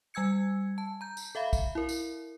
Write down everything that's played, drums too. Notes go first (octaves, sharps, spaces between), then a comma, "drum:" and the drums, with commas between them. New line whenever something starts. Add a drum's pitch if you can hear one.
G3 G#5 E6 G#6 C#7
A5
A#5 G6
drum: tambourine
A4 E5 F5 B5
drum: kick, tambourine
E4 A#4
drum: tambourine